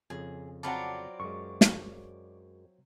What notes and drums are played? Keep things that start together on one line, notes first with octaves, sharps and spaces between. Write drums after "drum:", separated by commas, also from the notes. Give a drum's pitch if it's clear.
F2 C#3 G#4
F#3 C4 F4 D5 F#5 A5 B5
F#2 G#3 C#6
drum: snare